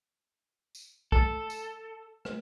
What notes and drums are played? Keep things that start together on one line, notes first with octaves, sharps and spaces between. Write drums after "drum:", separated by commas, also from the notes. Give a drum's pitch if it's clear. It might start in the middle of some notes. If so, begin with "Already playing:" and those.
drum: tambourine
A4, drum: kick
drum: tambourine
drum: rim click